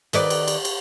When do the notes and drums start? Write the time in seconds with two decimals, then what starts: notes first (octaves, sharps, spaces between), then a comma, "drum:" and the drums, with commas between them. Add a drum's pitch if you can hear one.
0.13 D#3 B4 D5, drum: cymbal
0.30 drum: cymbal
0.48 drum: cymbal
0.65 drum: cymbal